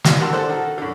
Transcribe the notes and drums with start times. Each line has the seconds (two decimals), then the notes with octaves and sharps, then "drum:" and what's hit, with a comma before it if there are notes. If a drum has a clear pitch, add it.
0.04 G#1 E4 F5, drum: snare
0.20 G4 A#4 F#5 A5 C6 E6
0.32 A4 C5 D5 F#5
0.49 D#3 F#4 A4
0.78 F#2 D3